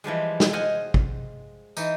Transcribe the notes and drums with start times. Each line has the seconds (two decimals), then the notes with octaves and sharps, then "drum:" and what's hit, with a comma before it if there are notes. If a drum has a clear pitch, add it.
0.04 E3 F3 G3 G#3
0.40 drum: snare
0.53 C5 D#5 F5 F#5 G#5
0.94 drum: kick
1.77 E3 D#4, drum: tambourine